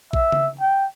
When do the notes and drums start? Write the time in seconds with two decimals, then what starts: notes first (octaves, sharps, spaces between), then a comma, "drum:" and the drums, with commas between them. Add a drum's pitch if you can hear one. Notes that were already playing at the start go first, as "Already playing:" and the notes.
0.13 E5, drum: kick
0.32 drum: tom C#3
0.61 G5